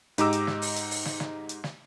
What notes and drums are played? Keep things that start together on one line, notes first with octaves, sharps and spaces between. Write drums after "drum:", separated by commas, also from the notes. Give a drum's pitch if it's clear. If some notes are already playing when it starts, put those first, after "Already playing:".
G#2 D#4 G4 A#5 D6 E6, drum: hi-hat
drum: hi-hat
drum: snare
drum: open hi-hat
drum: hi-hat
drum: open hi-hat
drum: snare
drum: snare
drum: hi-hat
drum: snare